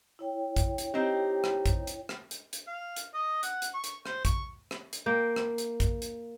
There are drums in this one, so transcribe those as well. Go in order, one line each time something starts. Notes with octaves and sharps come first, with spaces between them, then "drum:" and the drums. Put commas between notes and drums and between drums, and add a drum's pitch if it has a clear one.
E4 C#5 G5
drum: kick A#1, hi-hat
drum: hi-hat
C4 D#4 G4
drum: rim click
drum: kick A#1, hi-hat
drum: hi-hat
drum: rim click
drum: hi-hat
drum: hi-hat
F5
drum: hi-hat
D#5
F#5, drum: hi-hat
drum: hi-hat
C#6
drum: hi-hat
C5, drum: rim click
C#6, drum: kick A#1, hi-hat
drum: rim click
drum: hi-hat
A#3 G5
drum: rim click
drum: hi-hat
drum: kick A#1, hi-hat
drum: hi-hat